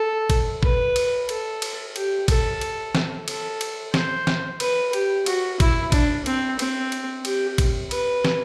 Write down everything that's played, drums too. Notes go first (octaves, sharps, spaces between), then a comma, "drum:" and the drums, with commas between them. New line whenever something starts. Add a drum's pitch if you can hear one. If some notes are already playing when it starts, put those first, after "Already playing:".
Already playing: A4
drum: kick, cymbal
B4, drum: kick
drum: cymbal
A4, drum: cymbal
drum: cymbal
G4, drum: cymbal
A4, drum: kick, cymbal
drum: cymbal
drum: snare
A4, drum: cymbal
drum: cymbal
C5, drum: snare
drum: snare
B4, drum: cymbal
G4, drum: cymbal
F#4, drum: cymbal
E4, drum: kick, cymbal
D4, drum: kick, cymbal
C4, drum: cymbal
C4, drum: cymbal
drum: cymbal
G4, drum: cymbal
drum: kick, cymbal
B4, drum: cymbal
drum: snare